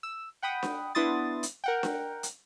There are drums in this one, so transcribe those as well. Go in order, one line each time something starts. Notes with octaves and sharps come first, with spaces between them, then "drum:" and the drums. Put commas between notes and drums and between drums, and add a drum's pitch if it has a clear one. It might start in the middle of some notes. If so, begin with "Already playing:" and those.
E6
F#5 G5 B5 D#6
drum: snare D4
B3 D4 E4 C6 D#6 A6
drum: hi-hat
A#4 F#5 G5
drum: snare D4
drum: hi-hat